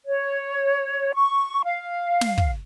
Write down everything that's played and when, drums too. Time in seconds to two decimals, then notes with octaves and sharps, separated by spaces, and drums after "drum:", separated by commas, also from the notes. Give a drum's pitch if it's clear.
0.07 C#5
1.13 C#6
1.64 F5
2.21 drum: snare
2.38 drum: kick